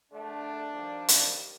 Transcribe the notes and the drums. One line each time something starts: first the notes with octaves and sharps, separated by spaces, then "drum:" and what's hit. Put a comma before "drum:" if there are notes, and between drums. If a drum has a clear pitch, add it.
A#1 D3 A3 D4
D#3 F3 G3
drum: hi-hat